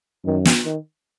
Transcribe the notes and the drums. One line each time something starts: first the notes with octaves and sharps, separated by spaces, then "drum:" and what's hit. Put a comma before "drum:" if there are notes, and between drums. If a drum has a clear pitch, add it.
F#2 D#3
drum: snare
D#3